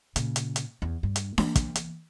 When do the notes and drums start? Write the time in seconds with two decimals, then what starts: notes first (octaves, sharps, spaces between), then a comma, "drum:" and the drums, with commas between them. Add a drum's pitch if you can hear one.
0.16 A#2 C#3, drum: hi-hat
0.36 drum: hi-hat
0.56 drum: hi-hat
0.82 E2
1.03 G2
1.16 drum: hi-hat
1.38 E3 A#3, drum: snare D4
1.56 drum: kick, hi-hat
1.75 drum: hi-hat